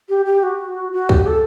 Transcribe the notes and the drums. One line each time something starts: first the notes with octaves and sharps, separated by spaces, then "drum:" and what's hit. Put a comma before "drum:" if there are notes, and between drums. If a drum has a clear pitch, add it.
G4
G4
F#4
F#4
G4, drum: kick
A4